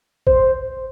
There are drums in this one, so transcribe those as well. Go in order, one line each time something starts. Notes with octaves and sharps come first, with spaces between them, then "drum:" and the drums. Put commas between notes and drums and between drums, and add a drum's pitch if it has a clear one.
C5, drum: kick